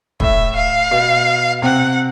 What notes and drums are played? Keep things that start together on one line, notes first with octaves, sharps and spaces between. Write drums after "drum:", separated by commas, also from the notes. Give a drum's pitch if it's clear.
A2 A3 E5, drum: kick
F5
B2 B3
C3 C4 F#5